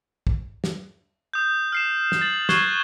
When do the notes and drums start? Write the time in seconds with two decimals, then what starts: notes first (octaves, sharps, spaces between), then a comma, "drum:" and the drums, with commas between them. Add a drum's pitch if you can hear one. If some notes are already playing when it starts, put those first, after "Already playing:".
0.27 drum: kick
0.64 drum: snare
1.33 D#6 G6
1.72 F6 C7 E7
2.12 drum: snare
2.21 A6 F#7
2.49 C#6 F#6 G#6 C7 E7 G7, drum: snare